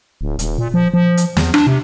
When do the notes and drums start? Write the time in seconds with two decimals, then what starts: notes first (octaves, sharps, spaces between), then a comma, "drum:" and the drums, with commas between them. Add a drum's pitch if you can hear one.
0.21 D1
0.39 D#1, drum: hi-hat
0.58 A#2
0.74 F3
0.94 F3
1.17 drum: hi-hat
1.37 E2, drum: snare
1.54 D4, drum: rim click
1.67 C3